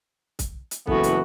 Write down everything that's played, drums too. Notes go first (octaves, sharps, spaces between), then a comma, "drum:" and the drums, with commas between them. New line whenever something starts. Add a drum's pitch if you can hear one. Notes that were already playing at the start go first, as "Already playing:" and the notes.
drum: kick, hi-hat
drum: hi-hat
F#1 E3 B3 F#4 A4, drum: kick
drum: hi-hat